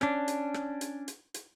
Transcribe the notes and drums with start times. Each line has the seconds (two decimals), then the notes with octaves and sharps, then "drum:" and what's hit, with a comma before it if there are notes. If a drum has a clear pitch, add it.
0.01 C#4 D4, drum: rim click
0.28 drum: hi-hat
0.54 drum: rim click
0.81 drum: hi-hat
1.08 drum: hi-hat
1.34 drum: hi-hat